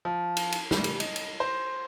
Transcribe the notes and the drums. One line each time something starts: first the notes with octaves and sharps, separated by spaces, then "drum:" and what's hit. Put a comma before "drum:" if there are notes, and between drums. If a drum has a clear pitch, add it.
F3
drum: cymbal
drum: cymbal
G3, drum: snare
drum: cymbal
D#5, drum: cymbal
drum: cymbal
C5